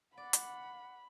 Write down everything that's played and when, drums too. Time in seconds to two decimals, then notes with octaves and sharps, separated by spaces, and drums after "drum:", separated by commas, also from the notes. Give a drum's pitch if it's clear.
0.17 D5 F#5 B5
0.33 drum: hi-hat